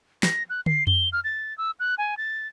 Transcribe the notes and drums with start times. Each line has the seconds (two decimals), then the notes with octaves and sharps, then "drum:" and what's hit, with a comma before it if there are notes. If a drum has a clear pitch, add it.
0.23 A#6, drum: snare
0.50 F#6
0.66 C7, drum: tom
0.87 G7, drum: tom F2
1.13 F6
1.24 A6
1.58 E6
1.80 F#6
1.98 G#5
2.17 A6